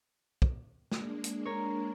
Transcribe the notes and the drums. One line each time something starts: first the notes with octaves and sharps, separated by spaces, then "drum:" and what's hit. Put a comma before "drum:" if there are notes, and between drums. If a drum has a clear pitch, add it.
drum: kick
G#3 A#3 D4, drum: snare
drum: hi-hat
A#4 C#5